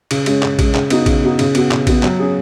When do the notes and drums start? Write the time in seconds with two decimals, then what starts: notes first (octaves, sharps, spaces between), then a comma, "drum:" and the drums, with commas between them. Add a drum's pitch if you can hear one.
0.11 C#3, drum: cymbal
0.26 G#3 C#4, drum: cymbal
0.43 C#3, drum: clap
0.59 G#3 C#4, drum: kick A#1, cymbal
0.75 C#3, drum: clap
0.90 B3 D#4 F#4, drum: cymbal
1.06 C#3, drum: kick A#1, cymbal
1.23 B3 D#4 F#4
1.39 C#3, drum: cymbal
1.55 B3 F#4, drum: cymbal
1.71 C#3, drum: clap
1.87 B3 F#4, drum: kick A#1, cymbal
2.03 F#3, drum: clap
2.19 C#4 G#4